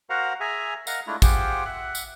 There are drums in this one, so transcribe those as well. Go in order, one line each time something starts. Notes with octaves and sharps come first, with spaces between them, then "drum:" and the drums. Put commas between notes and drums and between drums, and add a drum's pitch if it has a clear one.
F#4 A#4 C5 F5 F#5 A#5
G#4 E5 G#5 A#5
A#4 D#5 F5 F#5 A#5, drum: tambourine
G#3 A3 D4 E4 F4
F4 G4 G#4 C5 F#5 G5, drum: kick A1, tambourine
E5 F#5 F#6
drum: tambourine